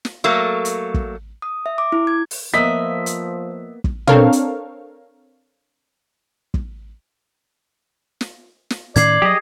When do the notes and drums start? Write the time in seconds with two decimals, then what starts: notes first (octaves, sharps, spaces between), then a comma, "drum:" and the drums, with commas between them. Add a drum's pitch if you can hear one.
0.05 drum: snare
0.24 F#3 A3 A#3
0.65 drum: hi-hat
0.94 drum: kick
1.42 D#6
1.66 E5
1.78 D6
1.92 E4
2.07 G#6
2.31 drum: open hi-hat
2.54 F3 A#3 B3 D#5 E5 B6
3.06 drum: hi-hat
3.84 drum: kick
4.07 C4 D4 A4 A#4 C#5 F5, drum: tom
4.33 drum: hi-hat
6.54 drum: kick
8.21 drum: snare
8.70 drum: snare
8.96 A2 D#3 C#4 D5 G#6 C7, drum: hi-hat
9.22 F#3 G4 G#4 D#5